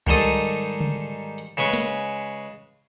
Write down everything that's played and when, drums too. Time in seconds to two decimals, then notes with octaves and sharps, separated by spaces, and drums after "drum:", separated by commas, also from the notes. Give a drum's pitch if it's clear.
0.07 G#2 D#3 G3 A4 D#6, drum: kick C2
0.80 drum: tom C#3
1.38 drum: hi-hat
1.57 C#3 G#3 B4 C#6
1.73 drum: snare